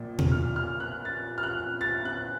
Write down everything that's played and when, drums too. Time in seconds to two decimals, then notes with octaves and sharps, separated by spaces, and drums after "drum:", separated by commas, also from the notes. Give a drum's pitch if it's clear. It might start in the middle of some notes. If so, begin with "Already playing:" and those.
Already playing: A#1 A#2 F3
0.19 drum: tom B2
0.32 F6
0.56 F6
0.80 F#6
1.05 A6
1.38 F6
1.43 F#6
1.81 A6
2.05 F#6